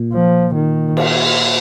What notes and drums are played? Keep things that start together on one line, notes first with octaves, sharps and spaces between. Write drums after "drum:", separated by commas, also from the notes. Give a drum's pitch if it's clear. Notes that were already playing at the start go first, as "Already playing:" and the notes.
Already playing: A#2
F3
D#3
drum: cymbal